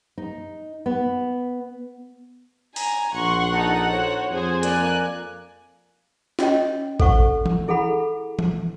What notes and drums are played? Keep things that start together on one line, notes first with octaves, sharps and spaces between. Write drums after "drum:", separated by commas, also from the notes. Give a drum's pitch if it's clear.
D#4
B3
G#5 A#5, drum: open hi-hat
A#1 F#5 C6 C#6
D#4 A4
F#4 C5 C#5
F2 G#4 C5 G#5
A#3 D5 G#5 F#6, drum: hi-hat
C#4 F#4 C#5 D#5 G5, drum: snare
A4 C5 F#5 C#6, drum: kick A1
drum: tom E3
E4 G#4 A4 F#5 B5
drum: tom E3